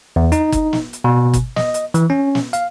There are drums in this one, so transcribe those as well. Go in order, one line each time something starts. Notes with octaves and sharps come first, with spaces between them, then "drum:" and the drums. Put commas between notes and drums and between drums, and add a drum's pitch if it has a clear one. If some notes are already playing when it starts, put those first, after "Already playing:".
E2
D#4, drum: hi-hat
drum: kick, hi-hat
drum: snare
drum: hi-hat
B2
drum: kick, hi-hat
D#5, drum: snare
drum: hi-hat
E3, drum: hi-hat
C#4
drum: snare
F5, drum: hi-hat